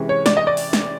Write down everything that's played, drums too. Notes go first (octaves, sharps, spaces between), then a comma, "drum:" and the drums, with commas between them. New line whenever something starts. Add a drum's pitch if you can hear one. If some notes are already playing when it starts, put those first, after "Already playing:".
Already playing: C3 E3 G#3 C#4
C#5
D5, drum: snare
D#5
D5
drum: open hi-hat
drum: snare